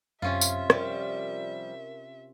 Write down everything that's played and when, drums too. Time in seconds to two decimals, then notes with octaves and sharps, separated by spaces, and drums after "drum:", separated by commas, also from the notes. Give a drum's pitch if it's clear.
0.22 F#2 C3 C#4 F4 E5
0.41 drum: tambourine
0.70 F3 G3 A#4, drum: rim click